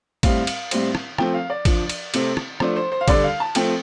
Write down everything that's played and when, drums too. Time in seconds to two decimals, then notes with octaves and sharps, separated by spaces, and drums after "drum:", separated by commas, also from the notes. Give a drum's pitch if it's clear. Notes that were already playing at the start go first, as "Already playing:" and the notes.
0.23 A2 G3 C4 F5, drum: kick, cymbal
0.47 drum: cymbal
0.71 A2 G3 C4, drum: cymbal
0.95 drum: rim click
1.18 F3 A3 C4 G5, drum: rim click
1.34 F5
1.50 D5
1.65 F3 D4, drum: kick, cymbal
1.89 drum: cymbal
2.14 C3 A3 C4, drum: cymbal
2.37 drum: rim click
2.60 F3 A3 D4 C5, drum: rim click
2.76 C5
2.92 C5
3.01 F5
3.08 D3 G3 D4 D5, drum: kick, cymbal
3.24 F5
3.40 A5
3.55 F3 A3 C4 G5, drum: cymbal